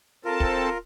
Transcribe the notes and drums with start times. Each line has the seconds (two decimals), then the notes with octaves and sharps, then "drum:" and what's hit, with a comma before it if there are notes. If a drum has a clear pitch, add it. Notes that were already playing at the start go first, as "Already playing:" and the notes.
0.25 C4 F4 A4 A#4 A5
0.40 drum: kick